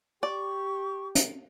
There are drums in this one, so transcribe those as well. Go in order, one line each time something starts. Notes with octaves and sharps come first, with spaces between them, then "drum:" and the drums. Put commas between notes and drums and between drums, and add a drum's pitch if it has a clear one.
G4 D5 C#6
drum: hi-hat